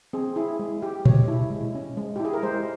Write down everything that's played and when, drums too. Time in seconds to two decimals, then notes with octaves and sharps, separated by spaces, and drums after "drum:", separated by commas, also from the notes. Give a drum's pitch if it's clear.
0.13 C4 G#4
0.36 E4 G#4
0.59 G#3
0.82 G4
1.05 G#3 C#5, drum: tom A#2
1.28 E4
1.51 G#3
1.75 C#4
1.97 G#3
2.16 E4 G4
2.25 G#4
2.33 A#4
2.43 G#3 C5